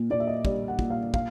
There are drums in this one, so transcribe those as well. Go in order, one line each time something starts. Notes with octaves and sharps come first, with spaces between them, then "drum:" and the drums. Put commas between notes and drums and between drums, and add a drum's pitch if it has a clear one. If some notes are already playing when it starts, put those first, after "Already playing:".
Already playing: A#2
A#2 D5
E5
D#5
G3 D5, drum: kick
F#5
A#2, drum: kick
F5
F5, drum: kick